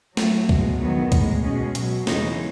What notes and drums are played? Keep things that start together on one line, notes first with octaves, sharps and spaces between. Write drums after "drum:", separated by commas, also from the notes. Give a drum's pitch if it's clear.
A2 F#3 A3, drum: snare
B2 G#3, drum: kick
E2 D#3 F#3 B3
A2 G#3, drum: kick, hi-hat
B2 G#3 C#4
B2 F#3, drum: hi-hat
E2 C#3 E3 G#3 D#4, drum: snare